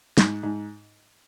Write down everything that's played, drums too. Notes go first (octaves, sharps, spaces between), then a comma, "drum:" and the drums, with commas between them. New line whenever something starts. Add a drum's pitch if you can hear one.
G#2, drum: snare
G#2